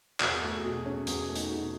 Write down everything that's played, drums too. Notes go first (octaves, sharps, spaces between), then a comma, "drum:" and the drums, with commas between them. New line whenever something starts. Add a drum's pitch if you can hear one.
E2 F#4, drum: clap
G#4
A3 F#4
B2 G#4
C#4
E2 G#4, drum: hi-hat
A3
D#4, drum: hi-hat
B2